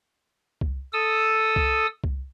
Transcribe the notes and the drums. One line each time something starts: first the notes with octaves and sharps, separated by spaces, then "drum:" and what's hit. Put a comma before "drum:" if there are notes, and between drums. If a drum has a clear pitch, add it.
drum: kick C2
A4 D#6 E6
drum: kick C2
drum: kick C2